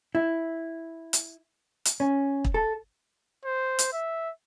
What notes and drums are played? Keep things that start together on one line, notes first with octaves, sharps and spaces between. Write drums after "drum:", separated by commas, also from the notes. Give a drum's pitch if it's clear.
E4
drum: hi-hat
drum: hi-hat
C#4
drum: kick
A4
C5
drum: hi-hat
E5